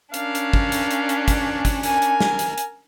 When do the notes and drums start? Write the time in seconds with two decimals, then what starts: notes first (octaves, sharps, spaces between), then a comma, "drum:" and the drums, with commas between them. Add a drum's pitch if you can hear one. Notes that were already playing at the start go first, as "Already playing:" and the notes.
0.14 C#4 D4 A#4 F5, drum: hi-hat
0.35 drum: hi-hat
0.53 drum: kick
0.72 drum: hi-hat
0.91 drum: hi-hat
1.09 drum: hi-hat
1.28 drum: kick, hi-hat
1.65 drum: kick, hi-hat
1.83 A#4 G#5, drum: hi-hat
2.02 drum: hi-hat
2.20 drum: snare
2.39 drum: hi-hat
2.58 drum: hi-hat